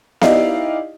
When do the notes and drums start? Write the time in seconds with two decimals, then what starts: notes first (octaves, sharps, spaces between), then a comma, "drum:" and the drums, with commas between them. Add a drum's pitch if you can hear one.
0.21 D#4 E4 G4 D5 D#5 F5, drum: snare B3